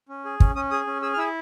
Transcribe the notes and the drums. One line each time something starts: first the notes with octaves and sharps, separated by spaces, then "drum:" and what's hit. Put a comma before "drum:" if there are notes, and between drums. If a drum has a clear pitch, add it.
C#4
G#4
C#4, drum: kick
C#4 D#6
G#4 D#6
C#4
G#4 E6
F6
E4 E6